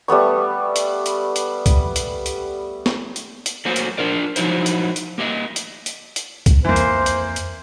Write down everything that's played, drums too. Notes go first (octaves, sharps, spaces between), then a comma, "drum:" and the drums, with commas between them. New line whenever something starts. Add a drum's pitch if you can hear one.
G3 A3 B3 C#6
drum: hi-hat
drum: hi-hat
drum: hi-hat
drum: kick, hi-hat
drum: hi-hat
drum: hi-hat
drum: snare
drum: hi-hat
drum: hi-hat
F#3 A3 A#3 F#4 C5
drum: hi-hat
D4 F4 A#4 D5
F3 F#3 D#4 E4 C5, drum: hi-hat
drum: hi-hat
drum: hi-hat
A#3 G4 D#5 E5
drum: hi-hat
drum: hi-hat
drum: hi-hat
drum: kick, hi-hat
F2 E3 A#3 C5
drum: hi-hat
drum: hi-hat
drum: hi-hat